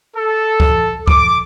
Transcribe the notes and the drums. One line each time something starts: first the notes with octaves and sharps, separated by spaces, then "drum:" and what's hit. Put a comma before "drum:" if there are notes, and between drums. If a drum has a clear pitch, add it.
A4
drum: kick C#2
D6, drum: kick C#2